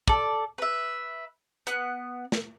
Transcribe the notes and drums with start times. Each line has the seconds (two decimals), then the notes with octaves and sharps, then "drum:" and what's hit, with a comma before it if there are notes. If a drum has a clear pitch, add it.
0.08 A4 D5, drum: kick
0.58 B4 E5
1.67 B3 F#6, drum: hi-hat
2.32 drum: snare